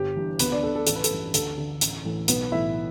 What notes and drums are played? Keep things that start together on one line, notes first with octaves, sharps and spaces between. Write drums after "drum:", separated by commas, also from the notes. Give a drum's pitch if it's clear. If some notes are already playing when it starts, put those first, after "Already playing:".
Already playing: G1 G4
G2 E3
D2 B3 B4, drum: hi-hat
D4 D5
D3 A4
A4
A1 A4, drum: hi-hat
B4
A4, drum: hi-hat
G2 E3
D2 A4, drum: hi-hat
D3
A1, drum: hi-hat
A2 E3
B1 B3 B4, drum: hi-hat
A2 E3 E4 E5